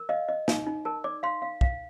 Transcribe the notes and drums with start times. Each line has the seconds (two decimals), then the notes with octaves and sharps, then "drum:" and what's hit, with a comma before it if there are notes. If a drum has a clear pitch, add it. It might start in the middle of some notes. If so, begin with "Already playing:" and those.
Already playing: A#4
0.09 D#5 F5
0.29 D#5
0.48 D#4, drum: snare
0.67 D#4
0.85 A#4 A5
1.04 D5 D6
1.23 F5 C6
1.42 F5
1.61 F5, drum: kick